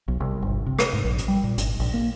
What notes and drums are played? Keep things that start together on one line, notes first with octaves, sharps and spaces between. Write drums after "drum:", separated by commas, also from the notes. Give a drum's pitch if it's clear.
B1
C2
G1
C3
drum: rim click
G#2
A#1
drum: hi-hat
G3
A#2
G#1, drum: hi-hat
A#1, drum: open hi-hat
A#3